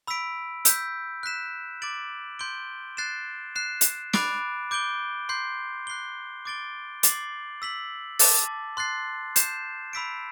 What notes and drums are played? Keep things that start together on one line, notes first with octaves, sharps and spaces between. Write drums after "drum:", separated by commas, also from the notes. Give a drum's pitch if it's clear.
B5 E6 B6 D7
E6 G6 B6, drum: hi-hat
F#6 B6 E7
D6 A6 D7 F#7
C6 G6 D7 G7
F#6 A6 C7 E7
F#6 C7 E7
drum: hi-hat
B5 D6 F#6 A6 D7, drum: snare
D6 G6 D7 G7
C6 G6 C7
F#6 C7 G7
D6 A6 D7 G7
D6 A6 C7 F#7, drum: hi-hat
E6 B6 F#7
A5 D6 A6, drum: open hi-hat
C6 F#6 A6 C7
G6 C7 E7, drum: hi-hat
B5 E6 B6 D7